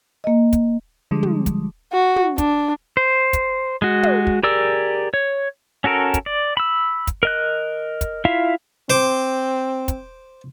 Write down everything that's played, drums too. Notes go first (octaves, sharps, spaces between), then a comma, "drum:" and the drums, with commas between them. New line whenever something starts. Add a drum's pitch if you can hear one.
A#3 D#5
drum: kick, hi-hat
D3 F3 G3 G#3
drum: tom
drum: kick, hi-hat
F#4
drum: tom
D4, drum: kick, hi-hat
C5
drum: kick, hi-hat
G#3 F#4
drum: tom
drum: kick
G4 G#4 A#4 D5 E6
C#5
C#4 F#4 A4 A#4
drum: kick, hi-hat
D5
B5 E6
drum: kick, hi-hat
A#4 D#5 F#6
drum: kick, hi-hat
E4 F4 E5 F5
C4 C5 D6
drum: kick, hi-hat